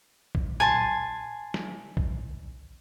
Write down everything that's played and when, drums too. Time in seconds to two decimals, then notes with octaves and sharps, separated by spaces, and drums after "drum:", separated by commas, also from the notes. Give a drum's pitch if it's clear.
0.35 drum: kick B1
0.60 G#5 A5 C6, drum: tom
1.54 drum: snare
1.97 drum: kick B1